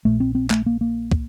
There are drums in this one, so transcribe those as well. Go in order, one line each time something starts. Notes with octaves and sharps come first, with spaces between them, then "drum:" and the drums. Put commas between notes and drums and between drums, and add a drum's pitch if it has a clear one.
A#1 A#2 A3
C4
C4
A3, drum: clap
A#3
A#3
drum: kick